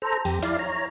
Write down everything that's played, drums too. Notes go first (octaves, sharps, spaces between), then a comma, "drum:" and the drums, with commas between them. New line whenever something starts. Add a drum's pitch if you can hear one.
A4 C5 A#5
F2 G4, drum: open hi-hat
E4 D5 F5, drum: hi-hat
C#5 A#5